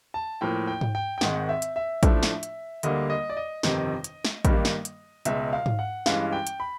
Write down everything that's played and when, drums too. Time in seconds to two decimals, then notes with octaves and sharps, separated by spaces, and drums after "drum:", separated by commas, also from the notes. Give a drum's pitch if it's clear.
0.14 A5
0.41 A2 F3 A#3 G5
0.67 G5
0.81 drum: tom G#2
0.95 G5
1.18 G5
1.21 G#1 G#2 D#3 G#3 F#5, drum: snare
1.49 E5
1.62 drum: hi-hat
1.76 E5
2.03 A2 F3 A3 D4, drum: kick A1, hi-hat
2.23 drum: snare
2.43 drum: hi-hat
2.83 D2 D3 G3 A#3 D#5, drum: hi-hat
3.10 D#5
3.30 D5
3.37 D#5
3.63 G1 F2 C3 D#3, drum: snare
4.04 drum: hi-hat
4.25 drum: snare
4.45 G2 D#3 G3 A#3, drum: kick A1, hi-hat
4.65 drum: snare
4.85 drum: hi-hat
5.25 C#2 B2 G#3 E5, drum: hi-hat
5.53 F5
5.66 drum: tom G#2
5.79 F#5
6.06 G2 E3 G#3 C#4 F5, drum: snare
6.33 G5
6.47 drum: hi-hat
6.60 B5